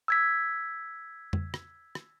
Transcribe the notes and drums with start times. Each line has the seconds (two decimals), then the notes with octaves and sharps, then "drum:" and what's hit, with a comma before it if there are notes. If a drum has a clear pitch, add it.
0.08 E6 G#6 B6
1.33 drum: tom F2
1.54 drum: rim click
1.95 drum: rim click